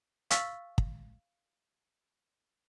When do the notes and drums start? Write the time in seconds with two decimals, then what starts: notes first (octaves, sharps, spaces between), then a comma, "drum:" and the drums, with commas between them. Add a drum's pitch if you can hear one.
0.31 F5 C#6 E6 F6 A6 B6, drum: hi-hat
0.78 drum: kick